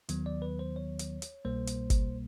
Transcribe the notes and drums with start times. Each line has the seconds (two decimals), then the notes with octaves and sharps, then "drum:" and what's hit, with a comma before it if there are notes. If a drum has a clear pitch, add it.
0.09 D#2 D#3 F#3 B3, drum: hi-hat
0.26 D5
0.42 B4
0.59 C5
0.76 C#5
0.99 drum: hi-hat
1.22 drum: hi-hat
1.45 C2 B2 G3 A#3 C5
1.67 drum: hi-hat
1.90 drum: kick G1, hi-hat